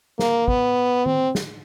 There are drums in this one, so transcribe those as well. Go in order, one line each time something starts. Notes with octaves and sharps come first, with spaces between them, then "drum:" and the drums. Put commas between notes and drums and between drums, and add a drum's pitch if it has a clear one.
A#3, drum: snare
B3, drum: kick
C4, drum: tom D#3
drum: snare